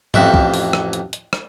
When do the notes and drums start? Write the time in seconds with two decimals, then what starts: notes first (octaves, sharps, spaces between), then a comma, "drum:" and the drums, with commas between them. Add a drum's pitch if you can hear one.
0.14 A1 F2 F#4 E5 G5, drum: tom G#2
0.34 drum: kick
0.54 drum: open hi-hat
0.73 drum: rim click
0.93 drum: hi-hat
1.13 drum: hi-hat
1.33 drum: rim click